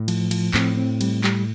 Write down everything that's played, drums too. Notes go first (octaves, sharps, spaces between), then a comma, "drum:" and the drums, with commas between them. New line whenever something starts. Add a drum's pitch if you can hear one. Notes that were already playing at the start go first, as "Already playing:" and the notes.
Already playing: A2
F3, drum: cymbal
F3, drum: cymbal
A2 C4, drum: clap
C4
G3, drum: cymbal
G3, drum: clap